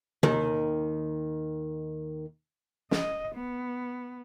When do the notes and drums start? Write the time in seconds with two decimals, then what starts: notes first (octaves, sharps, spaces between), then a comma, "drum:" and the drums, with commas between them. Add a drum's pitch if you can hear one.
0.23 D#2 D#3, drum: tom
2.91 D#5, drum: snare
3.35 B3